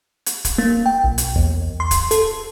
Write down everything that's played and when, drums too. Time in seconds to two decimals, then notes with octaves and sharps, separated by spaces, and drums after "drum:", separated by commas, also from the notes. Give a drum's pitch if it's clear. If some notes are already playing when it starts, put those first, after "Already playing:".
0.26 drum: hi-hat
0.45 drum: kick, hi-hat
0.58 A#3
0.86 G5
1.04 B1
1.18 drum: hi-hat
1.36 E2
1.80 C6
1.91 drum: kick, hi-hat
2.11 A4, drum: hi-hat